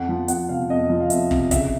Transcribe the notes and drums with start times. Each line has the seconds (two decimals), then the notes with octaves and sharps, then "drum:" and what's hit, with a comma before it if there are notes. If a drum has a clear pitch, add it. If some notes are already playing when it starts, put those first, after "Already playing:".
Already playing: F2 F#5
0.09 F3
0.28 F2 F#5, drum: hi-hat
0.49 C3 F5
0.70 F2 D#5
0.90 F3
1.00 F5
1.10 F2 E5, drum: hi-hat
1.31 C3, drum: kick
1.51 C#3 E5, drum: kick, hi-hat